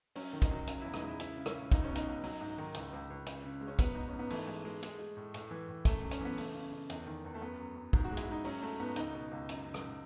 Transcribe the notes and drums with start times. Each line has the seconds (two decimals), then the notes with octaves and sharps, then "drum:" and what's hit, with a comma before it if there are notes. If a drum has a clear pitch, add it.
0.16 F#3 C#4, drum: open hi-hat
0.33 D#3
0.42 D#4, drum: kick, hi-hat
0.51 F#3
0.67 C#3, drum: hi-hat
0.81 E2 E4
0.94 D#4, drum: rim click
1.02 G#3
1.07 E4
1.20 C#3 E4, drum: hi-hat
1.36 C#3
1.46 C#4, drum: rim click
1.54 C#3
1.72 C#2 D#4, drum: kick, hi-hat
1.84 B2 C#4
1.95 D#4, drum: hi-hat
2.07 C#2
2.24 F#3, drum: open hi-hat
2.41 G#2
2.58 D#3
2.74 C#2, drum: hi-hat
2.93 C#2
3.10 C#2
3.26 C#3, drum: hi-hat
3.44 C#3
3.61 G#3
3.67 C#4
3.79 F#3 B3, drum: kick, hi-hat
3.95 G#2 D#4
4.08 C#4
4.13 G#2
4.19 B3
4.30 E3 A3, drum: open hi-hat
4.47 G#3
4.65 G#3
4.83 G#3, drum: hi-hat
4.99 G#3
5.17 A2
5.34 A2, drum: hi-hat
5.51 E3
5.68 A2
5.85 F#2 A3, drum: kick, hi-hat
6.03 F#2
6.11 C#4, drum: hi-hat
6.21 E3 B3
6.38 C#3 A3, drum: open hi-hat
6.54 C#3
6.72 C#3
6.90 E2, drum: hi-hat
7.06 D#3
7.25 E2
7.34 A3
7.41 F#2 B3
7.59 F#2
7.76 F#2
7.93 G#2, drum: kick
8.04 F#4
8.11 G#3
8.17 E4, drum: hi-hat
8.28 G#3 D#4
8.45 F#3 C#4, drum: open hi-hat
8.62 F#3 A3
8.80 G#2 B3
8.96 C#2 D#4, drum: hi-hat
9.13 B2
9.31 C#2
9.49 F#2, drum: hi-hat
9.65 F#2
9.74 drum: rim click